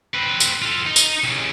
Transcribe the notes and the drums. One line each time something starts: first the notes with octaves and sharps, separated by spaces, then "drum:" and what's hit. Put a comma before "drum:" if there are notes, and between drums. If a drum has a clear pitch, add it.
C4 B4
drum: tambourine
F4 A4
D#4
drum: tambourine
C2 C#3